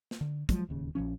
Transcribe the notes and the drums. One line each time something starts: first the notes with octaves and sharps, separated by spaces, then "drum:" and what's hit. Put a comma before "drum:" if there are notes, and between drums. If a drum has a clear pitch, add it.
drum: snare
D3
F3 F#3 G#3 C4, drum: kick, hi-hat
D1 D#2 C#3
A#1 F2 F3 C#4